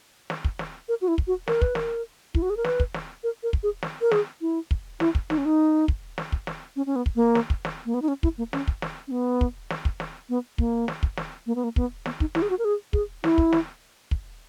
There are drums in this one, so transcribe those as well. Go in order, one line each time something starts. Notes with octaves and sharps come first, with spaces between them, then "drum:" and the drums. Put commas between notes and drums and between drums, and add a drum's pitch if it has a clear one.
drum: snare
drum: kick
drum: snare
A#4
F#4
E4
drum: kick
F#4
A#4, drum: snare
B4, drum: kick
A#4, drum: snare
E4, drum: kick
F#4
G#4
A#4
B4, drum: snare
drum: kick
drum: snare
A#4
A#4
drum: kick
G#4
drum: snare
A#4
G#4, drum: snare
E4
drum: kick
E4, drum: snare
drum: kick
D#4, drum: snare
C#4
D#4
drum: kick
drum: snare
drum: kick
drum: snare
C#4
C#4
B3
drum: kick
A#3
drum: snare
drum: kick
drum: snare
A#3
B3
D#4
C#4
E4, drum: kick
A#3
C#4, drum: snare
drum: kick
drum: snare
C#4
B3
drum: kick
drum: snare
drum: kick
drum: snare
B3
A#3, drum: kick
drum: snare
drum: kick
drum: snare
A#3
B3
A#3
B3, drum: kick
B3, drum: snare
D#4, drum: kick
E4, drum: snare
G#4
F#4
A#4
G#4
G#4, drum: kick
E4, drum: snare
drum: kick
drum: snare
drum: kick